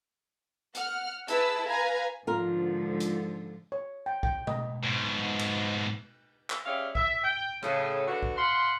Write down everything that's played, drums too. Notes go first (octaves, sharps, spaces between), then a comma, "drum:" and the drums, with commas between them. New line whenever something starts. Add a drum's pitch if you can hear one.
F#5 F6, drum: hi-hat
E4 G#4 B4 A5 E6, drum: hi-hat
B4 F5 G#5 A#5
G#2 D3 F3 F4 A#4
drum: hi-hat
C#5
G5
G5, drum: kick B1
D#5, drum: tom B2
G#2 B2
drum: cymbal
drum: clap
G3 C#4 E4 G4 G#4 F5
E5, drum: kick B1
G5
A2 C#3, drum: rim click
D3 E3 D4 F#4
drum: kick B1
F5 F#5 B5 C6